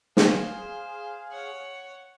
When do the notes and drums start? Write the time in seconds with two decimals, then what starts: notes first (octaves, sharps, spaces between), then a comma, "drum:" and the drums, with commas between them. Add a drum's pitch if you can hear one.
0.17 G#4 C5 F5, drum: snare
1.31 C#5 F#5